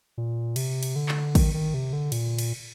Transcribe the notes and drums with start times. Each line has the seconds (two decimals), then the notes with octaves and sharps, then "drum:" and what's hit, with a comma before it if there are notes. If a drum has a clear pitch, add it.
0.18 A#2
0.56 C3, drum: cymbal
0.83 drum: cymbal
0.96 D3
1.09 drum: clap
1.35 D#3, drum: kick, cymbal
1.54 D#3
1.74 C3
1.93 D3
2.12 A#2, drum: cymbal
2.39 drum: cymbal